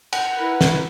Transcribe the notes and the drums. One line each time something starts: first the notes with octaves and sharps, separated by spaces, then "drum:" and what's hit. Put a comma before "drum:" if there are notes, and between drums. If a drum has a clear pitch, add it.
F#5 G6, drum: cymbal
E4 A#4 B4
drum: snare